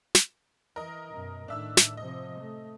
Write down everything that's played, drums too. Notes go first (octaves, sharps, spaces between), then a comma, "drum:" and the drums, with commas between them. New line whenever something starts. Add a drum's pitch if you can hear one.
drum: snare
E3 A#4 D#5
F#2 B2
A2 D#3 D4 E5 E6
drum: snare
C3 F3 D#5
A3